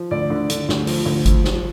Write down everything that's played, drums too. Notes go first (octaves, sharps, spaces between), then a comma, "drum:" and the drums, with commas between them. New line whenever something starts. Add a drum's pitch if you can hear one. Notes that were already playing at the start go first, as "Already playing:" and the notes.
Already playing: F3
D2 D5
D3
D3, drum: hi-hat
D2, drum: snare
F3, drum: open hi-hat
D2
F3, drum: kick G#1, hi-hat
F3, drum: snare